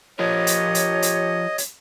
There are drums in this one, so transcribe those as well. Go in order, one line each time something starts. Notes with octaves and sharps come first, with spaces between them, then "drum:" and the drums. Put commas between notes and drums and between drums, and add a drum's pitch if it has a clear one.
F3 F4 G4 A#4 C#5 D#5
drum: hi-hat
drum: hi-hat
drum: hi-hat
drum: hi-hat